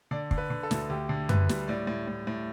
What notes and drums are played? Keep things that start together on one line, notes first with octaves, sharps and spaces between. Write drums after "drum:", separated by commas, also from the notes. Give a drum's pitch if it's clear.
D3 D5
D3, drum: kick
B4
D3
A4
D2, drum: snare
D2 G4
D3
D2 B4, drum: tom F#2
G3, drum: snare
A2 D5
A2
A2
A2